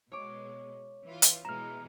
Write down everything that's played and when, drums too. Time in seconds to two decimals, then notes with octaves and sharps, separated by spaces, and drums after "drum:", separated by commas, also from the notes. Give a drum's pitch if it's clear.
0.12 B2 G#3 C#5 D6
1.05 E3 F4
1.22 drum: hi-hat
1.45 B2 E3 G#3 A#5 F6 E7